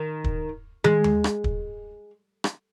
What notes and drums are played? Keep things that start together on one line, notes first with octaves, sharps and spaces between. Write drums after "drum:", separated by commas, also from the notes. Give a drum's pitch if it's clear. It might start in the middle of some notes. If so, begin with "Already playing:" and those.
Already playing: D#3
drum: kick
G#3, drum: tom
drum: tom D#2
drum: rim click
drum: kick
drum: rim click